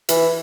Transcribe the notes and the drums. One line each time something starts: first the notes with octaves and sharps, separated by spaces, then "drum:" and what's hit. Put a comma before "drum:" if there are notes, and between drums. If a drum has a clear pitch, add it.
E3, drum: hi-hat